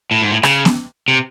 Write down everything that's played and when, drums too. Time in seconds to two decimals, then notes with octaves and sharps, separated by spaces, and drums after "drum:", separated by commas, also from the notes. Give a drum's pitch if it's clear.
0.11 A2
0.22 G#2
0.32 A2
0.43 C#3, drum: rim click
0.65 drum: snare B3
1.08 C3